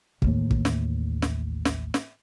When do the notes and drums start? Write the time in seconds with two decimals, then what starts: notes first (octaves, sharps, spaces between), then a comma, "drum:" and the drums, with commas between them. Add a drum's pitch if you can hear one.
0.22 A1 D#2, drum: kick
0.51 drum: kick
0.65 drum: snare
1.22 drum: snare
1.65 drum: snare
1.94 drum: snare